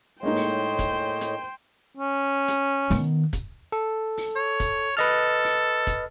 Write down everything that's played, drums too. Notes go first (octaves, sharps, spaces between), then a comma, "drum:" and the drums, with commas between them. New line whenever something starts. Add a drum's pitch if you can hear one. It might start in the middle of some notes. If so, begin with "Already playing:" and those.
A2 G#3 A#3 D#4 C5 C#5 D#5 G5
drum: open hi-hat
drum: kick, hi-hat
drum: hi-hat
C#4
drum: hi-hat
D#3 B3, drum: open hi-hat
drum: kick, hi-hat
A4
drum: open hi-hat
C#5
drum: kick, hi-hat
A4 B4 D#5 F6
drum: open hi-hat
drum: kick, hi-hat